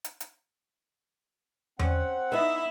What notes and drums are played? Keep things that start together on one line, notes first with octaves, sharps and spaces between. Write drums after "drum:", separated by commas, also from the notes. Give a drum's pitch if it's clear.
drum: hi-hat
drum: hi-hat
C4 C#4 F#5, drum: tom E2
B3 D#4 E4 E5